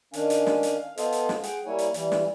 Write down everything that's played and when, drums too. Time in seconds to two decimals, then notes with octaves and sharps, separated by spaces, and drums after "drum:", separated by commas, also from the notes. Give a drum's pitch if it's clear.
0.14 D#3 C#4 D4 F5 G#5, drum: hi-hat
0.30 drum: hi-hat
0.47 drum: snare
0.63 drum: hi-hat
0.76 F5
0.98 B3 F4 A4 C5 D#5 F5, drum: hi-hat
1.13 drum: hi-hat
1.29 drum: snare
1.44 G#4 F#5 G5, drum: hi-hat
1.66 G3 A#3 E4 C#5 G#5
1.79 drum: hi-hat
1.94 E3 G3, drum: hi-hat
2.12 drum: snare